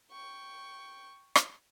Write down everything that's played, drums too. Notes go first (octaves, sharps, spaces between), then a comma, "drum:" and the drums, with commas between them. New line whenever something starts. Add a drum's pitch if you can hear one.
G5 C#6
drum: rim click